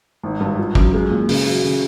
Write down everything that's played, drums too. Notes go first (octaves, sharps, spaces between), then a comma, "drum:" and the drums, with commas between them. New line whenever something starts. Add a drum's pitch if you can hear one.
G#1
G2
F3
F#2, drum: kick
G#3
A#2
C#3, drum: open hi-hat
F#3
C#3